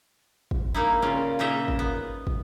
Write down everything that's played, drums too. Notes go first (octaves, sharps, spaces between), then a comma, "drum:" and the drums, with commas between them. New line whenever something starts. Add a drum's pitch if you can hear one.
drum: kick
A#3 D#4 E4
C#3 C#4 F4 D5
A#2 C#3 A#3 D#4 D#5 E5
drum: kick
B3
drum: kick